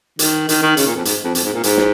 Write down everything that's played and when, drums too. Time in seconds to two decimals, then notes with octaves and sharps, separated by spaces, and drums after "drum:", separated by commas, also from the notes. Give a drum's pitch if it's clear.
0.19 D#3, drum: hi-hat
0.49 D#3, drum: hi-hat
0.62 D#3
0.77 C#3, drum: hi-hat
0.87 A#2
0.96 F2
1.05 G#2, drum: hi-hat
1.24 F2
1.35 F2, drum: hi-hat
1.44 G#2
1.54 A#2
1.63 G#2, drum: hi-hat
1.77 drum: snare